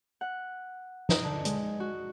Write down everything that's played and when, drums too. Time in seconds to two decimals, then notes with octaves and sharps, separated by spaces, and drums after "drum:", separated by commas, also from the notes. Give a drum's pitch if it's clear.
0.21 F#5
1.09 D#4, drum: snare
1.24 D3
1.45 G#3, drum: hi-hat
1.80 F#4